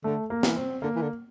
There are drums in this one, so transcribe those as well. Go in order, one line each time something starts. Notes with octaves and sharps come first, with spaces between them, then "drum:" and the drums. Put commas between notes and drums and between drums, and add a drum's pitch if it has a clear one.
D3 A3
A#3
E3, drum: snare
C4
D3 A#3
E3
D3